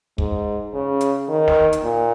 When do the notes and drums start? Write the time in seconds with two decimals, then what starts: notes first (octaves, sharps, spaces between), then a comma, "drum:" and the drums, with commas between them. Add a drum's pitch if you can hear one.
0.18 G#2, drum: kick
0.74 C#3
1.01 drum: hi-hat
1.28 D#3
1.48 drum: snare
1.73 drum: hi-hat
1.83 A#2